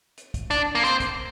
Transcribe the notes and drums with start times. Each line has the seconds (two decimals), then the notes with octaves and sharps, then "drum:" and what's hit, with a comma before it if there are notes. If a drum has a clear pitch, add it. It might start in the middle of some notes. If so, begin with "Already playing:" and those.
0.18 drum: hi-hat
0.34 drum: kick, hi-hat
0.51 D4, drum: hi-hat
0.75 A#3
0.84 C4, drum: hi-hat
1.00 drum: kick, hi-hat